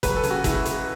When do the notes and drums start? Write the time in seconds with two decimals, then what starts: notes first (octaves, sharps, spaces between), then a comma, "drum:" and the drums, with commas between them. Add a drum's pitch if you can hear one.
0.03 F#3 B4, drum: kick, hi-hat
0.17 A4
0.23 C#3, drum: hi-hat
0.30 F#4
0.44 C#2 E4, drum: kick, hi-hat
0.65 C#2, drum: hi-hat